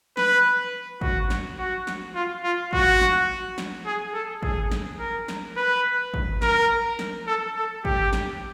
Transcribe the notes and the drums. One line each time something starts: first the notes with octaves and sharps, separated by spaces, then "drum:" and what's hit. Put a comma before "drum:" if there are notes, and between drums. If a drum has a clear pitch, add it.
B4, drum: snare
F#4, drum: kick
drum: snare
F#4
drum: snare
F4
F4
F#4, drum: kick
drum: snare
drum: snare
G#4
A4
G#4, drum: kick
drum: snare
A#4
drum: snare
B4
drum: kick
A#4, drum: snare
drum: snare
A4
A4
G4, drum: kick
drum: snare